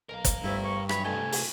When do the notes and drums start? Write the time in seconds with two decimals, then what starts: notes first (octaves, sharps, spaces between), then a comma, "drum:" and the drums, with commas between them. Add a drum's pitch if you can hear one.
0.09 B1 A#4 F5
0.25 drum: kick, hi-hat
0.44 E2 G2 F3 A3 E4
0.64 C#6
0.89 E3 F#3 C#5 B5, drum: rim click
1.05 F2 C3 A3 G#5
1.32 drum: open hi-hat